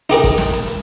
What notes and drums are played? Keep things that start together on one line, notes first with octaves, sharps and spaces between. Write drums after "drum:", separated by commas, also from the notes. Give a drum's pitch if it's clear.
D#4 G4 G#4 A#4, drum: hi-hat
drum: kick, hi-hat
drum: snare
drum: hi-hat
drum: hi-hat